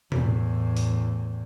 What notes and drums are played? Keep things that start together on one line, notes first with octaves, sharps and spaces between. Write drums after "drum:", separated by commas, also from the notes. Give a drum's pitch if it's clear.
E2 A2, drum: tom B2
drum: open hi-hat